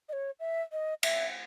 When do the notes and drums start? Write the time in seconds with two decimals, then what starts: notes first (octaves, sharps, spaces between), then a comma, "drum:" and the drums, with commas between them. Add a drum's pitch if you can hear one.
0.09 D#5
0.13 C#5
0.40 E5
0.72 D#5
1.03 E5, drum: cymbal